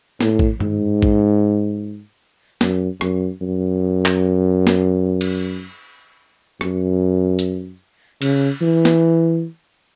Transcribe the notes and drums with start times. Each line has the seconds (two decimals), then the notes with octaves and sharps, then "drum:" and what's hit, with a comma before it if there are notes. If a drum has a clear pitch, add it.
0.21 A2, drum: snare
0.39 drum: kick A1
0.60 G#2, drum: tom G2
1.02 drum: kick A1
2.61 F#2, drum: snare
3.01 F#2, drum: rim click
3.41 F#2
4.06 drum: clap
4.67 drum: snare
5.21 drum: cymbal
6.61 F#2, drum: rim click
7.39 drum: hi-hat
8.22 C#3, drum: cymbal
8.62 E3
8.85 drum: snare